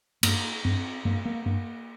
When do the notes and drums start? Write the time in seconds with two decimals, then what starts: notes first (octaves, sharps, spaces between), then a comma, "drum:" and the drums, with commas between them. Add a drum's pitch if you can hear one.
0.23 G2 A#3, drum: cymbal
0.65 G2 C4
1.05 G2 A#3
1.25 A#3
1.46 G2 A#3